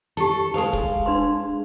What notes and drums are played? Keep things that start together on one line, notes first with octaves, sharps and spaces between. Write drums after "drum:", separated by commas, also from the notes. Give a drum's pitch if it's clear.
G4 A4 A5
G#3 A4 B4 F5 A5
drum: kick
D4 B4 C6